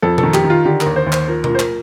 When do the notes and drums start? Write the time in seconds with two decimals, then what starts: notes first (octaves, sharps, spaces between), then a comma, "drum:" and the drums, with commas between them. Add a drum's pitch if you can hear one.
0.02 F2 A4
0.18 A4, drum: tom B2
0.23 D#3
0.34 G4, drum: clap
0.44 D#3
0.50 F4
0.65 D3 G4
0.81 A#4, drum: clap
0.86 D#2
0.96 C5
1.06 D#2
1.12 C5, drum: clap
1.28 F3 A#4
1.44 F3 A#4, drum: tom B2
1.55 C5
1.59 A#4, drum: clap